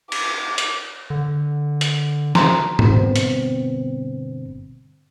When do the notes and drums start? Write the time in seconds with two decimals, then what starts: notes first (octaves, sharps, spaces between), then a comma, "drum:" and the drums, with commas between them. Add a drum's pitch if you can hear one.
0.12 D6, drum: cymbal
0.58 drum: hi-hat
1.10 D3
1.81 drum: hi-hat
2.35 A#5 C6, drum: snare
2.79 drum: tom G#2
2.89 G1 B2 B3 C4
3.16 drum: hi-hat